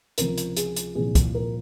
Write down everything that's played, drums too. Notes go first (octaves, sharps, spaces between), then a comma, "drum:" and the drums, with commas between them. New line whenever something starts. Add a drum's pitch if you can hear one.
C#2 C3 F3 A#4, drum: hi-hat
drum: hi-hat
G#4, drum: hi-hat
drum: hi-hat
C2 A#2 F3 G#4
drum: kick, hi-hat
A#4